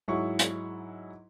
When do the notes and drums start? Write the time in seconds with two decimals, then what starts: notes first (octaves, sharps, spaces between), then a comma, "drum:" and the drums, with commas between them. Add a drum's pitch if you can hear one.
0.08 G#2 F#3 E4 G#4 C#6
0.39 drum: hi-hat